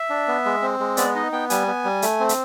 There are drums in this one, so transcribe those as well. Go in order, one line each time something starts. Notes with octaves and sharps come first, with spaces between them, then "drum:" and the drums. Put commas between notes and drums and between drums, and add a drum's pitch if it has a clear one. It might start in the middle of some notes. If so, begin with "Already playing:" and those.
Already playing: E5
D4
B3
G#3
C4
G#3
B3 D5, drum: hi-hat
D#4 D#5
B3 G5
G3 G#5, drum: hi-hat
B3
G3
A3, drum: hi-hat
C4
drum: hi-hat